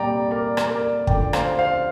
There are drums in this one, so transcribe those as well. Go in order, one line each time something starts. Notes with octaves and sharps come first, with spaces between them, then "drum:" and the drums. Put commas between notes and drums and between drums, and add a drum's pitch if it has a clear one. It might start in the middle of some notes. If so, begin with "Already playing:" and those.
Already playing: C2 A#2 G3 D5 G5 A#5
A#4 D5
drum: rim click
A#4 D5
D2 D3 F3 D5 G5, drum: kick
C5 F5, drum: rim click
C5 F5